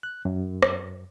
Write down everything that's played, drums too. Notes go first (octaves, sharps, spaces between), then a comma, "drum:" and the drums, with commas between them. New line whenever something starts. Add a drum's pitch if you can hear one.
F#6
F#2
drum: rim click